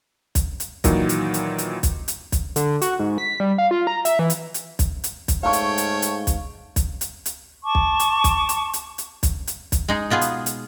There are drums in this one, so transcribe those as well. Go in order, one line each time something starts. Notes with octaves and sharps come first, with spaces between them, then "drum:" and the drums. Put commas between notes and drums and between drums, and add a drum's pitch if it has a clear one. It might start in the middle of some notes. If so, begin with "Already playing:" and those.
drum: kick, hi-hat
drum: hi-hat
A#2 D#3 E3 F#3 D#4, drum: kick, hi-hat
drum: hi-hat
drum: hi-hat
drum: hi-hat
drum: kick, hi-hat
drum: hi-hat
drum: kick, hi-hat
D3, drum: hi-hat
F#4, drum: hi-hat
G#2
B6
G3
F5
F4
A#5
E5, drum: hi-hat
E3
drum: hi-hat
drum: hi-hat
drum: kick, hi-hat
drum: hi-hat
drum: kick, hi-hat
G#2 A3 C#5 F5 G5 C#6
drum: hi-hat
drum: hi-hat
drum: hi-hat
drum: kick, hi-hat
drum: kick, hi-hat
drum: hi-hat
drum: hi-hat
A5 C#6 D6
drum: kick
drum: hi-hat
drum: kick, hi-hat
drum: hi-hat
drum: hi-hat
drum: hi-hat
drum: kick, hi-hat
drum: hi-hat
drum: kick, hi-hat
G#3 D#4 G#4
B2 B3 F4 G#4
drum: hi-hat
drum: hi-hat